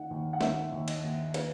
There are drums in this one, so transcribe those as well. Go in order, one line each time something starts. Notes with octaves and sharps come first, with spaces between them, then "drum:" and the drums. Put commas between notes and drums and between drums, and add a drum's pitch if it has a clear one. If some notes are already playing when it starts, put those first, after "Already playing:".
Already playing: D#3 F#5
D#2
F#5
D#3 E5, drum: snare
D#2
D#5, drum: cymbal
D#2
B4, drum: cymbal